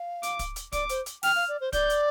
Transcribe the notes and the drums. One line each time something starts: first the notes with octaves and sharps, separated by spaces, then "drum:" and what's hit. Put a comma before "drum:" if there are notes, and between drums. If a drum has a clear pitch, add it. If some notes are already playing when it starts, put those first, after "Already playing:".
Already playing: F5
D6, drum: hi-hat
drum: kick, hi-hat
drum: hi-hat
D5 D6, drum: kick, hi-hat
C5, drum: hi-hat
drum: hi-hat
G5 F6, drum: open hi-hat
F5
D5
C5
D5 G6, drum: kick, hi-hat
drum: hi-hat